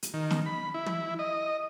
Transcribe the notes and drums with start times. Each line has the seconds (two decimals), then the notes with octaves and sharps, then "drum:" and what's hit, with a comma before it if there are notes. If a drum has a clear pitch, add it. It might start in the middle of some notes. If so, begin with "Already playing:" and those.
0.03 drum: hi-hat
0.14 D#3
0.31 drum: snare
0.46 B5
0.74 E4
0.86 drum: tom
1.19 D#5